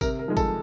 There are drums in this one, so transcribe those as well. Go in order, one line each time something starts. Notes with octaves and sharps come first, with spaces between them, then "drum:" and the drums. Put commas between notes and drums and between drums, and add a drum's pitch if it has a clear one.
C3 A#4, drum: kick G#1, tambourine
A#4
F3 G#3
A4, drum: kick G#1, tambourine